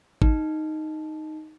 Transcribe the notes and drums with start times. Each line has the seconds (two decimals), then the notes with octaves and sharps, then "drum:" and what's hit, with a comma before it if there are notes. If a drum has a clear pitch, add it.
0.22 D#4, drum: kick G#1